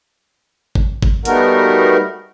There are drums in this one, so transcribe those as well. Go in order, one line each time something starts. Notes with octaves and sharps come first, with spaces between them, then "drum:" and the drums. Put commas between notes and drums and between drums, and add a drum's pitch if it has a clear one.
drum: kick G#1
drum: kick G#1
G3 A3 B3 D#4 F#4 A#4, drum: hi-hat